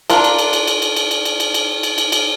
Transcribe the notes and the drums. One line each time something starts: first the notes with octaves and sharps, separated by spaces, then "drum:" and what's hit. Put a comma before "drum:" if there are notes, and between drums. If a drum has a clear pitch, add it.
D4 F4 A#4, drum: cymbal
drum: cymbal
drum: cymbal
drum: cymbal
drum: cymbal
drum: cymbal
drum: cymbal
drum: cymbal
drum: cymbal
drum: cymbal
drum: cymbal
drum: cymbal
drum: cymbal
drum: cymbal